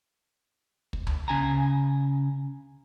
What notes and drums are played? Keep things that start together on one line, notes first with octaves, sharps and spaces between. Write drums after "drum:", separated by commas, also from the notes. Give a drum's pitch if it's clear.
drum: kick
drum: tom C#2
C#3 G#5 A#5